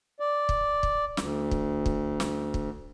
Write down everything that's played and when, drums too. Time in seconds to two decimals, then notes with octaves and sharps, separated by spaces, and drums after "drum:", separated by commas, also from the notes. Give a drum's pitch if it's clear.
0.20 D5
0.49 drum: kick
0.83 drum: kick
1.17 D2, drum: snare
1.51 drum: kick
1.86 drum: kick
2.20 drum: snare
2.54 drum: kick